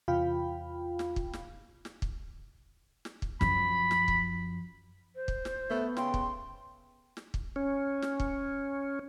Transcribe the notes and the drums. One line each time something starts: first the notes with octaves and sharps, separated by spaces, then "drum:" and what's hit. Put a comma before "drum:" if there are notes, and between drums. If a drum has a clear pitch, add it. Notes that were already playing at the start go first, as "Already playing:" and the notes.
E2 C3 F4 F5 G5 B5
drum: snare
drum: kick
drum: snare
drum: snare
drum: kick
drum: snare
drum: kick
F#2 F3 B5, drum: snare
drum: snare
drum: kick
C5
drum: kick
drum: snare
A3 B3
C#3 G5 C6, drum: snare
drum: kick
drum: snare
drum: kick
C#4
drum: snare
drum: kick